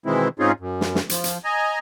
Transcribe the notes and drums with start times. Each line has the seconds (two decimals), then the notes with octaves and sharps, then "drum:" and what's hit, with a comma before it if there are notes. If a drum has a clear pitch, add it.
0.06 B2 D#3 E3 G#3 C4 E4
0.39 G#2 C4 C#4 D#4 F4 G#4
0.60 F#2
0.81 drum: snare
0.95 drum: snare
1.09 F3, drum: hi-hat
1.24 drum: hi-hat
1.45 D#5 G#5 A#5